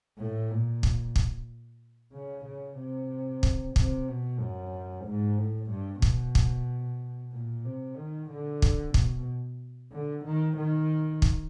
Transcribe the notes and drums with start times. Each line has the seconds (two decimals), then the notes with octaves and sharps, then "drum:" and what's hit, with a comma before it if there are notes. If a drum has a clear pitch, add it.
0.18 A2
0.51 A#2
0.83 drum: kick
1.16 drum: kick
2.13 C#3
2.45 C#3
2.78 C3
3.43 drum: kick
3.76 C3, drum: kick
4.08 B2
4.40 F#2
5.06 G#2
5.38 A2
5.71 G2
6.02 B2, drum: kick
6.35 drum: kick
7.32 A#2
7.65 C3
7.97 D#3
8.30 D3
8.62 drum: kick
8.94 B2, drum: kick
9.92 D3
10.25 D#3
10.57 D#3
11.22 drum: kick